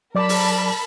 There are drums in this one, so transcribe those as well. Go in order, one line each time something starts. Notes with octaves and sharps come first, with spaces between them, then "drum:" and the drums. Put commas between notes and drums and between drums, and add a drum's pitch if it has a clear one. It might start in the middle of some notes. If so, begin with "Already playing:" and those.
F#3 A#4 D5 A5 B5 D6
drum: open hi-hat